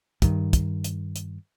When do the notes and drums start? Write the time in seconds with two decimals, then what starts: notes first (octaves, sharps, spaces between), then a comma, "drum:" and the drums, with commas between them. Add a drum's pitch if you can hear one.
0.22 G2 D#3, drum: kick, hi-hat
0.53 drum: kick, hi-hat
0.84 drum: hi-hat
1.16 drum: hi-hat